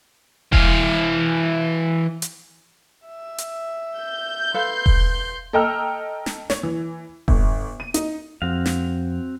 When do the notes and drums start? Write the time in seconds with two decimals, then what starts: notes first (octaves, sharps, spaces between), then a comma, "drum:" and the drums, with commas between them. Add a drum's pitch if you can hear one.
0.53 E3 F5, drum: kick E1
2.22 drum: hi-hat
3.07 E5
3.38 drum: hi-hat
3.96 G6
4.54 A4 B4 F5 C6
4.86 drum: kick E1
5.53 A4 D#5 G5 A#5 E6 F6
6.26 drum: snare
6.50 C#5, drum: snare
6.63 E3
7.28 G1, drum: kick E1
7.80 D#7
7.94 D#4, drum: hi-hat
8.42 F2 C4 F#4 F5
8.66 drum: snare